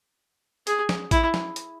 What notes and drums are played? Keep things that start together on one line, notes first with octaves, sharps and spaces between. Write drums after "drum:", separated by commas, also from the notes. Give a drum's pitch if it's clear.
G#4, drum: hi-hat
drum: snare
E4, drum: kick A1, hi-hat
drum: snare
drum: hi-hat